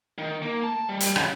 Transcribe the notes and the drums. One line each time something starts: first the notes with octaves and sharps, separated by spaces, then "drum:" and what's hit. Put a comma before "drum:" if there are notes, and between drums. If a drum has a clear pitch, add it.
D#3
A#3
A5
G3
drum: hi-hat
C#3, drum: rim click